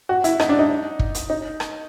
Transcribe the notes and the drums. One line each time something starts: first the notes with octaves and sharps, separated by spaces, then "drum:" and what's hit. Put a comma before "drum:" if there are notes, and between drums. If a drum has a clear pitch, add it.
F#4
E4, drum: hi-hat
D#4, drum: rim click
D4
D#4
drum: kick
drum: hi-hat
D#4
drum: rim click